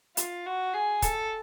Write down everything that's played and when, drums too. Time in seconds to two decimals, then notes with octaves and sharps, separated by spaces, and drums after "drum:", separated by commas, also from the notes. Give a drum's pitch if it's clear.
0.17 F4, drum: hi-hat
0.45 F#4
0.74 G#4
1.02 A4, drum: kick, hi-hat